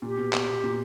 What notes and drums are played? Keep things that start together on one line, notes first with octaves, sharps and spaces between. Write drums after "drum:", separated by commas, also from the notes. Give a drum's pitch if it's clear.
A#2 G4
B2
B2, drum: clap
B2
A#2